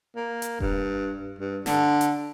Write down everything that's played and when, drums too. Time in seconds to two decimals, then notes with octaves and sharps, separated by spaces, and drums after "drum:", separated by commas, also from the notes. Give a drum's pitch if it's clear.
0.16 A#3
0.42 drum: hi-hat
0.60 G2, drum: kick E1
1.39 G2
1.66 D3, drum: snare
2.01 drum: hi-hat